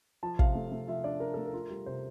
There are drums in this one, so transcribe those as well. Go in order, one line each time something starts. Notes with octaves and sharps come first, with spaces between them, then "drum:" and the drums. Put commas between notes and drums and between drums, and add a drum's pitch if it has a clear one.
F3 A5
C3 F5, drum: kick
A3
A3
F3 E5
D4 D5
D4 A#4
A3 A4
A#4
F4
G3
C3 C5